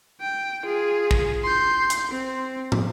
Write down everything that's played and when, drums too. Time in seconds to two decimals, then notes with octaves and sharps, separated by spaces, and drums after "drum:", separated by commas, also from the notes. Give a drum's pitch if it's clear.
0.21 G5
0.65 F4 G#4
1.11 drum: kick
1.43 C6 G6
1.90 drum: hi-hat
2.11 C4
2.72 drum: tom